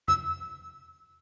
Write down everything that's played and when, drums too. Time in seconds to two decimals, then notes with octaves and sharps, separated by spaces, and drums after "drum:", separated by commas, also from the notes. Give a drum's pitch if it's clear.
0.08 E6, drum: tom E2